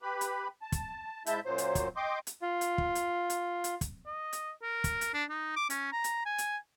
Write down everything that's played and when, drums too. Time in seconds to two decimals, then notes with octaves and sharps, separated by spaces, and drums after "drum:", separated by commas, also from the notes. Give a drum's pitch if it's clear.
0.02 G4 B4 B5
0.21 drum: hi-hat
0.62 A5
0.72 drum: kick, hi-hat
1.26 G#2 G#3 E4 E5 A5 G6, drum: hi-hat
1.45 F#2 A#2 F#3 C5
1.58 drum: hi-hat
1.75 drum: kick, hi-hat
1.96 D#5 G5 C6 D6
2.27 drum: hi-hat
2.42 F4
2.61 drum: hi-hat
2.78 drum: kick
2.95 drum: hi-hat
3.30 drum: hi-hat
3.64 drum: hi-hat
3.81 drum: kick, hi-hat
4.06 D#5
4.33 drum: hi-hat
4.63 A#4
4.84 drum: kick, hi-hat
5.01 drum: hi-hat
5.14 D4
5.30 D#4
5.56 D6
5.70 C#4, drum: hi-hat
5.92 A#5
6.04 drum: hi-hat
6.26 G#5
6.38 drum: hi-hat